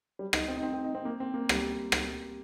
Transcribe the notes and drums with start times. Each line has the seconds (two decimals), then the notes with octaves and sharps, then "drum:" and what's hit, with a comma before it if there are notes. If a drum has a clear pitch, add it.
0.19 G3
0.33 D#4, drum: rim click
0.48 C4
0.56 D#4
0.63 C4
0.74 C4
0.84 D#4
0.95 C4
1.05 A#3
1.20 C4
1.34 A#3
1.49 G3, drum: rim click
1.92 drum: rim click